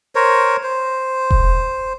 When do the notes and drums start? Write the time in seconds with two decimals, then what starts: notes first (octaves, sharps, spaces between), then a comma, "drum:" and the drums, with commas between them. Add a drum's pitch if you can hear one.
0.15 A#4 C5 C#5
0.63 C5
1.31 drum: kick E1